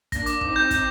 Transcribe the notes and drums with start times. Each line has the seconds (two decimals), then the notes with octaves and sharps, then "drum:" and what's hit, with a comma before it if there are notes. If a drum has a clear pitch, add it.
0.12 A#3 D4 A#6, drum: kick, hi-hat
0.26 D6, drum: hi-hat
0.41 C4 D#4 D6, drum: kick
0.56 G6, drum: snare C4
0.71 G6, drum: kick, hi-hat